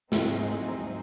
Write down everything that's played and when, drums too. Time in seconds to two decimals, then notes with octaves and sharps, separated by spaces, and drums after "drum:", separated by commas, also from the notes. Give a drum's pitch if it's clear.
0.12 G#2 F#3 C4 D#4 G#4, drum: snare